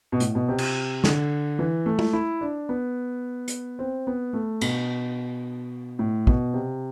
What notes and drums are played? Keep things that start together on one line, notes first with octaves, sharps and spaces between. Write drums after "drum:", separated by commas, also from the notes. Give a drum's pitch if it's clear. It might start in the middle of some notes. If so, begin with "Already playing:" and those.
B2
A2, drum: hi-hat
B2
C3
drum: cymbal
D3, drum: snare
E3
A3
drum: tom
E4
D4
B3
drum: hi-hat
C4
B3
A3
B2, drum: cymbal
A2
B2, drum: kick
C3